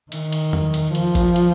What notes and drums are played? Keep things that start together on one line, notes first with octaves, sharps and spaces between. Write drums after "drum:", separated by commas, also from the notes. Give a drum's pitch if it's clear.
D#3, drum: cymbal
drum: cymbal
drum: tom E2
drum: cymbal
F3, drum: cymbal
drum: kick G#1, cymbal
drum: cymbal